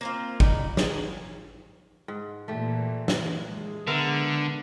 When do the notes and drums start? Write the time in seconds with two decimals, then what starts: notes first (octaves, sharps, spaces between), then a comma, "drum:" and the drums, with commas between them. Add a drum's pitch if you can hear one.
0.01 A#3 C4 F4
0.40 G3 D#4 B4, drum: kick G#1
0.77 G#4, drum: snare
2.08 G#2
2.48 A#2 E3 A3 G4
3.08 drum: snare
3.46 G#3
3.87 D3 B3 A#4 E5